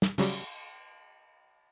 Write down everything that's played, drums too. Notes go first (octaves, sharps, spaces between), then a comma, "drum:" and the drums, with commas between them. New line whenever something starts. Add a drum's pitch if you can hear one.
drum: snare
C#3 F#3 G3, drum: cymbal